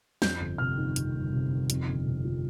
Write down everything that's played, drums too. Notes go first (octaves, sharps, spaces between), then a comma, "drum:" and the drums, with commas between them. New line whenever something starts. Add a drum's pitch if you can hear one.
F2 G6, drum: snare
G1
C3 F6
D#3
F2, drum: hi-hat
G1
C3
D#3
F2, drum: hi-hat
G1
C3
F3